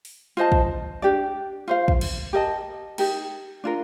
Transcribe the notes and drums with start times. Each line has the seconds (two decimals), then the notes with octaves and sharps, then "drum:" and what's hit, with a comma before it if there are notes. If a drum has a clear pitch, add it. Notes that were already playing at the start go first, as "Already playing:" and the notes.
0.05 drum: open hi-hat
0.37 F4 C5 D#5 A5
0.52 drum: kick
1.02 D4 G4 D5
1.68 F4 C5 F5
1.88 drum: kick
2.01 drum: cymbal
2.33 G4 A#4 D#5 A5
2.98 D#4 G4 A#4, drum: cymbal
3.64 D4 F4 A#4